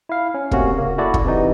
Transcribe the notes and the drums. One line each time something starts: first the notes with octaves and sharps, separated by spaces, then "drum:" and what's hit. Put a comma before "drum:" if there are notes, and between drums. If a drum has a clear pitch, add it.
E4 F5
C#4
C3 A3 A#3 C#4 F#4, drum: kick
C#3 A#3
E4 F#4 A4 D5
drum: kick
C3 E3 D#4